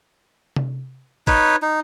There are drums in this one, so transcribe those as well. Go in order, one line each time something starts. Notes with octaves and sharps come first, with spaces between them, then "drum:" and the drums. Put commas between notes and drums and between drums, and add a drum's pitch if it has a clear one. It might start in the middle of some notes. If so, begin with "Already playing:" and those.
drum: tom C3
D#4 B4 C#5, drum: kick, hi-hat
D#4